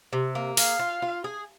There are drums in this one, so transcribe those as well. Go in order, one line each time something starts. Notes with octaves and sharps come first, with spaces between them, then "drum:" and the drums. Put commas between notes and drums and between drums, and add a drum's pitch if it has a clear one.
C3
A#3
G#4 F5, drum: open hi-hat
F4
F4
G#4